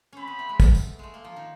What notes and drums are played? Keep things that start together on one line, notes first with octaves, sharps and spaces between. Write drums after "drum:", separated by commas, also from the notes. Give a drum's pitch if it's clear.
C4 C#4 B5
B3
A3
G#3
A3, drum: kick, tambourine
drum: tambourine
G#3 A3
A#3
F3
D#3